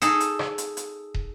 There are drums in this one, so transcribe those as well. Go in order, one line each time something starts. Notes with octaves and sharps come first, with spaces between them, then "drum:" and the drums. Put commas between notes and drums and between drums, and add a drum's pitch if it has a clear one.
D#4 G#4 A4, drum: hi-hat
drum: hi-hat
drum: rim click
drum: hi-hat
drum: hi-hat
drum: kick